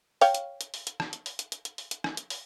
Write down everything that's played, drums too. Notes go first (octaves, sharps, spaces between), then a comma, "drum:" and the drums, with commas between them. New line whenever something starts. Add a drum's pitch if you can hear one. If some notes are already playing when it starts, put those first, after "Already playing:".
C#5 F5 G5, drum: open hi-hat
drum: hi-hat
drum: hi-hat
drum: open hi-hat
drum: hi-hat
drum: rim click
drum: hi-hat
drum: open hi-hat
drum: hi-hat
drum: hi-hat
drum: hi-hat
drum: open hi-hat
drum: hi-hat
drum: rim click
drum: hi-hat
drum: open hi-hat